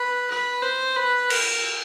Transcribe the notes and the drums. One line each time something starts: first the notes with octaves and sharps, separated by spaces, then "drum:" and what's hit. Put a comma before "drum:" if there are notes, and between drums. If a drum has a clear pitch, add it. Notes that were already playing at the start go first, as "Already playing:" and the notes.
Already playing: B4
B4
C5
B4
A#4, drum: cymbal